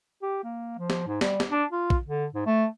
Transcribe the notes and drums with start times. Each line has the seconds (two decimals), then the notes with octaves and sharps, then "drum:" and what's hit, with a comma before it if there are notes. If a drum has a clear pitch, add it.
0.23 G4
0.44 A#3
0.79 F3
0.90 drum: snare
1.07 G#2
1.21 G3, drum: snare
1.40 drum: snare
1.51 D4
1.71 F4
1.90 drum: kick
2.07 D3
2.34 G#2
2.47 A3